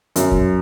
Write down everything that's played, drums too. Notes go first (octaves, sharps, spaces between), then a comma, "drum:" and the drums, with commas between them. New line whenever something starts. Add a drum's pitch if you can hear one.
F#2, drum: hi-hat
drum: kick